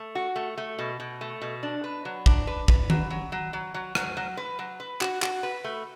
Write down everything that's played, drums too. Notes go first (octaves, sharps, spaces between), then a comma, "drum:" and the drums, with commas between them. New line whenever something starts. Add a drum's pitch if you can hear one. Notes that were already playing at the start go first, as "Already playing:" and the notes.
Already playing: A3
F#4
A3
A3
B2
B2
A3
B2
D4
B4
F#3
D4, drum: kick
B4
B4, drum: kick
F#3, drum: tom D#3
F#3
F#3
F#3
F#3
F#3, drum: rim click
F#3
B4
F#3
B4
F#4, drum: clap
F#4, drum: clap
B4
A3